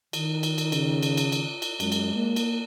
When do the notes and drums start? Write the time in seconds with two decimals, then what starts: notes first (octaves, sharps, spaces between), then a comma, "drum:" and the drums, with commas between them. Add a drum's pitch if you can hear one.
0.13 D#3, drum: cymbal
0.43 drum: cymbal
0.58 drum: cymbal
0.72 C#3, drum: cymbal
1.03 drum: cymbal
1.17 drum: cymbal
1.32 drum: cymbal
1.62 drum: cymbal
1.80 F#2 G#3, drum: cymbal
1.92 drum: cymbal
2.16 A#3
2.36 drum: cymbal